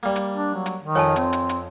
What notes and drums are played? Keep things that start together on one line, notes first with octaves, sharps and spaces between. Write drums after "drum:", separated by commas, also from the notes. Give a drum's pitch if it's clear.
G3 A#3
drum: hi-hat
D4
F#3
drum: hi-hat
D#3
F2 C#5 G#5 A5
C4, drum: hi-hat
drum: hi-hat
drum: hi-hat